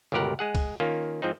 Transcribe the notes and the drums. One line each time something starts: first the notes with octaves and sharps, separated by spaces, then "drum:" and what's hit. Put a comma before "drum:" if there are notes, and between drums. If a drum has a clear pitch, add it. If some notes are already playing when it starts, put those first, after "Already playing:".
G1 C#2 B2 G4 A#4 F#5
G#3 G#4 F#5
drum: kick, cymbal
D#3 A#3 C#4 F4
G#2 F3 C4 D#4